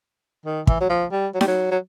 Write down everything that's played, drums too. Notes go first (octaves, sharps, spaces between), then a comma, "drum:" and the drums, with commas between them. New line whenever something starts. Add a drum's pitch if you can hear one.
D#3
E3, drum: kick
F#3
F3
G3
F#3
G3, drum: snare D#4
F#3
F#3